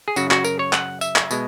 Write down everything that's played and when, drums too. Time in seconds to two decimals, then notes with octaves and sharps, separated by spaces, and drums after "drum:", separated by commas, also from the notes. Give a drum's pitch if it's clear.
0.08 G#4
0.16 F#2 C#3 F#3 F#4, drum: tambourine
0.31 F#4, drum: clap
0.44 A#4, drum: tambourine
0.59 C#5
0.73 F#5, drum: clap
1.01 E5, drum: tambourine
1.16 drum: clap
1.31 B2 G#3, drum: tambourine